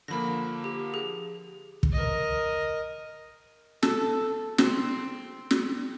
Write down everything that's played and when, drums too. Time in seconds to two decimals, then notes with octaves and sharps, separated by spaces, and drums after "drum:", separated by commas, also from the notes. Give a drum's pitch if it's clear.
0.08 D3 F3 A#3 B5 A#6
0.64 G4
0.94 G#4
1.83 drum: kick
1.92 A#4 D#5
3.83 A4, drum: snare
4.58 C4, drum: snare
5.51 drum: snare